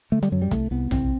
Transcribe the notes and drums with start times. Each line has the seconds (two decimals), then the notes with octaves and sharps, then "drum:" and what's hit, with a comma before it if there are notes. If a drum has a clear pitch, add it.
0.12 D3 A3
0.23 G3, drum: hi-hat
0.32 F#2 F#3
0.42 G3
0.51 C2 A3, drum: kick, hi-hat
0.71 C2 B3
0.91 C2 C4, drum: tom A#1